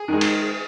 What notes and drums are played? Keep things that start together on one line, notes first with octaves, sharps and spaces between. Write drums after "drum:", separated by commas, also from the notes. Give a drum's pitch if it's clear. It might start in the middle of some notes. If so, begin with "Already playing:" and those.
Already playing: G#4 G#5
D#3 G#3
drum: cymbal